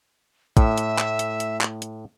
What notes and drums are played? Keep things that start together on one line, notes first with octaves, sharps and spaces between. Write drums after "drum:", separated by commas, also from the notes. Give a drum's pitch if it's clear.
A2 E5, drum: kick, hi-hat
drum: hi-hat
drum: clap
drum: hi-hat
drum: hi-hat
drum: clap
drum: hi-hat